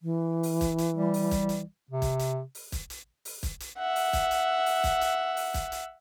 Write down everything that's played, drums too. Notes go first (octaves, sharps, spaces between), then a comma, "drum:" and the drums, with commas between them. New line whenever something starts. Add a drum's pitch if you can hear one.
E3
drum: open hi-hat
drum: kick, hi-hat
drum: hi-hat
G3
drum: open hi-hat
drum: kick, hi-hat
drum: hi-hat
C3
drum: kick, hi-hat
drum: hi-hat
drum: open hi-hat
drum: kick, hi-hat
drum: hi-hat
drum: open hi-hat
drum: kick, hi-hat
drum: hi-hat
E5 F#5
drum: open hi-hat
drum: kick, hi-hat
drum: hi-hat
drum: open hi-hat
drum: kick, hi-hat
drum: hi-hat
drum: open hi-hat
drum: kick, hi-hat
drum: hi-hat